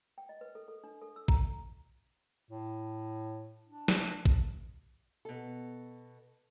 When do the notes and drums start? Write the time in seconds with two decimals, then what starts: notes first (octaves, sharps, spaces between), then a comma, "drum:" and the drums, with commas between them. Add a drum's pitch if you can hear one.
0.18 G5
0.29 D#5
0.41 B4
0.55 A4
0.68 A4
0.84 D4
1.02 A4
1.16 E6
1.28 A#5, drum: kick A1
2.50 A2
3.68 D4
3.88 drum: snare
4.25 drum: kick A1
5.25 B2 A4